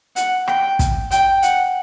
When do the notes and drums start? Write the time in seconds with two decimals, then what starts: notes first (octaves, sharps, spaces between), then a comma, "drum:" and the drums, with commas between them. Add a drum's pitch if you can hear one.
0.16 F#5, drum: hi-hat
0.48 G5, drum: rim click
0.79 drum: kick, hi-hat
1.11 G5, drum: hi-hat
1.42 F#5, drum: hi-hat